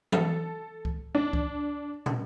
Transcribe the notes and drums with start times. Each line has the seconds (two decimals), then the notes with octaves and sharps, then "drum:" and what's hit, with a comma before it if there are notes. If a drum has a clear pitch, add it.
0.12 A4, drum: tom E3
0.85 drum: kick C#2
1.15 D4
1.33 drum: kick C#2
2.06 drum: tom